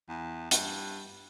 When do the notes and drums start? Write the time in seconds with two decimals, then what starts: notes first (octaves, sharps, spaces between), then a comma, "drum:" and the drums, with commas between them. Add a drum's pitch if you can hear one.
0.09 E2
0.51 G2, drum: hi-hat